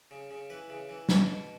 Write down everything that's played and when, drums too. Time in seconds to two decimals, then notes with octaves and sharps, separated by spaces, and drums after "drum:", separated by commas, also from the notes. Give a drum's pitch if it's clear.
0.11 C#3
0.31 C#3
0.50 E3 B4
0.70 C#3
0.89 E3
1.09 B2, drum: snare
1.28 B2